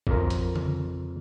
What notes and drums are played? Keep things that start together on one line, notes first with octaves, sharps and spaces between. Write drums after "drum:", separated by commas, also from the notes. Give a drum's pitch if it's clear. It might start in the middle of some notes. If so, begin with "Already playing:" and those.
F2 A#4, drum: kick A1
drum: hi-hat
drum: tom C#3